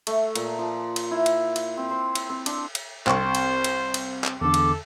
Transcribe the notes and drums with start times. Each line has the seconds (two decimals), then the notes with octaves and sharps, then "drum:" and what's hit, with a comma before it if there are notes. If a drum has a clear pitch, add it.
0.07 A3, drum: cymbal
0.35 A#2, drum: cymbal
0.59 F3
0.96 drum: cymbal
1.11 E4
1.26 drum: cymbal
1.56 drum: cymbal
1.77 C4
1.91 C5
2.15 drum: cymbal
2.30 C4
2.46 D4, drum: cymbal
2.75 drum: cymbal
3.07 C2 C4 C5 C#6, drum: clap
3.35 drum: cymbal
3.64 drum: cymbal
3.94 drum: cymbal
4.24 drum: clap
4.41 E2 D3 A4 D6
4.54 drum: cymbal